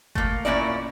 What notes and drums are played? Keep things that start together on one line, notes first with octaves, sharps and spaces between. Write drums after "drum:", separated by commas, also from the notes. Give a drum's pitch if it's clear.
A3 A#3, drum: kick G1
A#2 F3 A#3 C#4 E4 D5